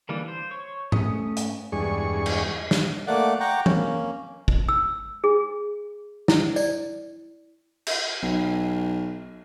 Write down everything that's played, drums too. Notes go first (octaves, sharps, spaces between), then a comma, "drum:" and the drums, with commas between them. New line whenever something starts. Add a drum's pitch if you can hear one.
D3 E3 G3 A#3 D4
C5
C#5 C#6
A3 C#4 D#6, drum: tom G#2
drum: hi-hat
E2 G2 G#3 D4 G#4 C#6
drum: cymbal
drum: snare
A3 A#3 D5 F#5 D6
F#5 G5 A#5 C#6 D6
A#3 C#4, drum: tom E3
drum: kick
E6
G#4
E4, drum: snare
D5, drum: tambourine
drum: cymbal
B1